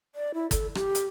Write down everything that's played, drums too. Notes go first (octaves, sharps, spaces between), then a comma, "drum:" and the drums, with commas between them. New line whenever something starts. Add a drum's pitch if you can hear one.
D5
E4
A4, drum: kick G1, hi-hat
G4, drum: rim click
drum: hi-hat